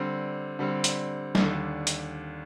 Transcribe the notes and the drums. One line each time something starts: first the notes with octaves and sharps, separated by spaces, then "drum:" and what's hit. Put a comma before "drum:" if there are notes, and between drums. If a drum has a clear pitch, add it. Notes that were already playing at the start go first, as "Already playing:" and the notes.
Already playing: D3 G3 C4
D3 G3 C4
drum: hi-hat
D#2 D3 G3, drum: snare
drum: hi-hat